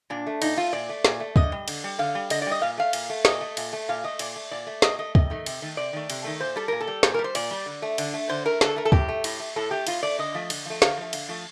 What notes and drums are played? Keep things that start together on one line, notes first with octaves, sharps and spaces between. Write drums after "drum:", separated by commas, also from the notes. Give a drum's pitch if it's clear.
A#2 D4
A3
A#2 D#4, drum: cymbal
A3 F4
A#2 D5
A3
A#2, drum: snare
A3
D3 D#5, drum: kick
G3
D3, drum: cymbal
G3
D3 F5
G3
D3 D#5, drum: cymbal
D5
G3 D#5
A#2 F5
A3 F5
A#2, drum: cymbal
A3
A#2 D#5, drum: snare
A3
A#2, drum: cymbal
A3
A#2 F5
A3 D#5
A#2 D5, drum: cymbal
A3
A#2 D5
A3
A#2 D#5, drum: snare
A3 D#5
C3 D#5, drum: kick
D#3 A3
C3, drum: cymbal
D#3 A3
C3 D5
D#3 A3
C3, drum: cymbal
D#3 A3
A#2 C5
G3 A4
A#2 A#4
A4
G3
A#2 C5, drum: snare
G3 A#4
C5
A#2 D5, drum: cymbal
G3
D3
A3
D3, drum: cymbal
A3
D3 C5
A3 A#4
D3 A4, drum: snare
A3 A#4
A4
A2 G4, drum: kick
A3
A2, drum: cymbal
A3
A2 A4
A3 G4
A2 F4, drum: cymbal
A3 D5
D3 D#5
F3 A3
D3, drum: cymbal
F3 A3
D3 F5, drum: snare
F3 A3
D3, drum: cymbal
F3 A3